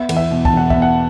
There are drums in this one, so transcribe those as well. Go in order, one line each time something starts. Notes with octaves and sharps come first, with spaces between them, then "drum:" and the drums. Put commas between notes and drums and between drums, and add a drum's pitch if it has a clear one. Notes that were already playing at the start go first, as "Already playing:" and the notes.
Already playing: B3 E5
E2, drum: cymbal
E5
B2
A5, drum: kick
E1 F#5
B3 E5, drum: kick
F#5